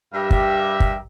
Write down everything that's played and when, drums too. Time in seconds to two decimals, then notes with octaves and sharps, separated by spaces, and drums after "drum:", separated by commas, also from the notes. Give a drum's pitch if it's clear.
0.14 G2 G3 G4 A#4 E5
0.31 drum: kick
0.80 drum: kick